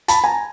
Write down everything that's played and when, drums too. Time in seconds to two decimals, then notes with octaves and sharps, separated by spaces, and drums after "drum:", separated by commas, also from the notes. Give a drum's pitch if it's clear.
0.08 A5 B5, drum: hi-hat
0.24 G#5 A#5